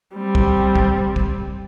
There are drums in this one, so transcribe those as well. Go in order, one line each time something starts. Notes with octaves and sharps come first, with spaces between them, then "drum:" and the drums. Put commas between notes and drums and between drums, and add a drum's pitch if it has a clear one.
G3 C4
drum: kick
drum: kick
drum: kick